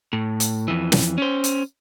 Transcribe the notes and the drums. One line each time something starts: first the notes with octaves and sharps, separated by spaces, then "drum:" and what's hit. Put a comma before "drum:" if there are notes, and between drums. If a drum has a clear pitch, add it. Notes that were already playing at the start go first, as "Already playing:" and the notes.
A2
drum: hi-hat
F2 E3
drum: snare
C#4 C5
drum: hi-hat